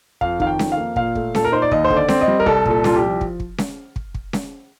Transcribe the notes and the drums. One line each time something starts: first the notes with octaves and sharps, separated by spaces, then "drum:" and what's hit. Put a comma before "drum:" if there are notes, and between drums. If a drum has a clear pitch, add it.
F2 F5, drum: kick
D#3 F5, drum: kick
G5
F2, drum: snare C#4
F5
A#3
A#2 F5, drum: kick
A3, drum: kick
A#2 A4, drum: snare C#4
A#4
D#4 C5
D5
D#2 D#5, drum: kick
C5
D3, drum: kick
D5
C4, drum: snare C#4
D#5
G3
A#4
C2 A4, drum: kick
A#2, drum: kick
A4
C2 F4, drum: snare C#4
G4
F3
drum: kick
drum: kick
drum: snare C#4
drum: kick
drum: kick
drum: snare C#4